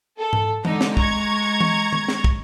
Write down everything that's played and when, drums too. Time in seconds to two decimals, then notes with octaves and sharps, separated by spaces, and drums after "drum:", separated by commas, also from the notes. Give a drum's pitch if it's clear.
0.19 A4
0.33 drum: tom G#2
0.65 D3 G#3 D#4, drum: tom E3
0.81 drum: snare
0.97 A#5 C#6 G#6, drum: kick
1.61 drum: tom E3
1.92 drum: tom D#3
2.08 drum: snare
2.24 drum: kick